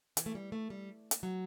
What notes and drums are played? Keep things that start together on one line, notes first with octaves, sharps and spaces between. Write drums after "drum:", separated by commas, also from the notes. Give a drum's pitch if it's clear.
E3, drum: hi-hat
A3
G3
A3
G3
drum: hi-hat
F#3